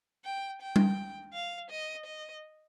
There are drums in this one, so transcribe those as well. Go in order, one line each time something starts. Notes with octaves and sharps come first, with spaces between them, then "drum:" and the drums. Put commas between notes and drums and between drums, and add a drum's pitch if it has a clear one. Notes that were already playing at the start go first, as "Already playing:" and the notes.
G5
G5
drum: tom G3
F5
D#5
D#5